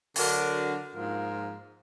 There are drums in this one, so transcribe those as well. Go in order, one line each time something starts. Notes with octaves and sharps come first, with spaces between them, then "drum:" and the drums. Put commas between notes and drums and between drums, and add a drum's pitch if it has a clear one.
D3 F#3 D4 F#4 A#4, drum: open hi-hat
G#2 F3 A#3 F4 A#4